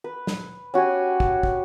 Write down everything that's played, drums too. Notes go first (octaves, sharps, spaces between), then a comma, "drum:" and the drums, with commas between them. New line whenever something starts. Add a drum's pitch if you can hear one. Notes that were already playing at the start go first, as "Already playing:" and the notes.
B4
drum: snare
C#4 F#4 G4 G#5
drum: kick
drum: kick